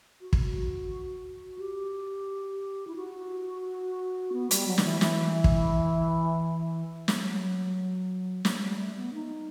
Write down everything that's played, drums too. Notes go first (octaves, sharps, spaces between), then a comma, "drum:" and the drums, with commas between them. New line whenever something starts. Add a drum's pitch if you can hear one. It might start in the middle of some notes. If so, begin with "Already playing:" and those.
F#4
drum: kick
G4
E4
F#4
B3
G3, drum: hi-hat
F#3
D#3, drum: snare
E3
E3, drum: snare
drum: kick
F#3, drum: snare
G3, drum: snare
G3
A3
B3
D#4